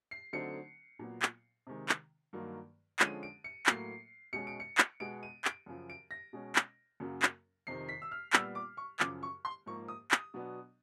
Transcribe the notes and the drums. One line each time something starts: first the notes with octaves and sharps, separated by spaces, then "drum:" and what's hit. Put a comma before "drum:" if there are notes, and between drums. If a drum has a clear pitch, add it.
C7
D3 F#3 A3 C4 D#4 C#7
A#2 F#3 B3
drum: clap
C3 D#3 G#3
drum: clap
G2 D#3 F#3 A#3
D3 F3 G#3 C#4 D#7, drum: clap
D7
C#7
A2 F#3 A#3 C7, drum: clap
B2 G#3 C#4 C#7
D7
C#7
drum: clap
B2 G#3 B3 D7
D#7
D7, drum: clap
F#2 C#3 F3
D7
A#6
B2 G#3 C#4
drum: clap
F#2 C#3 F#3 A#3
drum: clap
F2 C3 D#3 C7
B6
E6
F6
A#2 G3 B3 E6, drum: clap
D6
C#6
F#2 C#3 F3 D6, drum: clap
C#6
C6
G#2 F3 A#3 C#6
D#6
D#6, drum: clap
B2 F#3 B3 D4